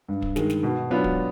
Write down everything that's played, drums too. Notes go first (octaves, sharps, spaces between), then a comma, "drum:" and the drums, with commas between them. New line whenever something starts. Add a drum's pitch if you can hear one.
G2
drum: kick
D#3 G#3, drum: snare
drum: snare
B2
F#3 B3 D4 F4
drum: kick